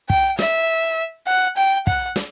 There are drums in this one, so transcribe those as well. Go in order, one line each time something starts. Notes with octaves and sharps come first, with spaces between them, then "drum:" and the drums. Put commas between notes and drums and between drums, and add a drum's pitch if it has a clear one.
G5, drum: kick
E5, drum: snare
F#5
G5
F#5, drum: kick
drum: snare